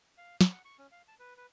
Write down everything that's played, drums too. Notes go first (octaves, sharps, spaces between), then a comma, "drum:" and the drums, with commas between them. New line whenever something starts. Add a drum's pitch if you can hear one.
F5
C#5, drum: snare
F#5
C#6
C#4
F5
A5
B4
B4